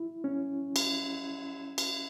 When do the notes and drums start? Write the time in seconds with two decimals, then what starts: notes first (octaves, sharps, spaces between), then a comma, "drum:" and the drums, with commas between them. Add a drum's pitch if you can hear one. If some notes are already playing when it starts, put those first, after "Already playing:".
Already playing: E4
0.24 C#4
0.76 drum: cymbal
1.78 drum: cymbal